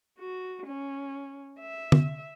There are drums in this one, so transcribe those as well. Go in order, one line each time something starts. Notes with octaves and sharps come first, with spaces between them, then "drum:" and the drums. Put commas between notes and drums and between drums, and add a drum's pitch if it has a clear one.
F#4
C#4
E5
drum: tom D3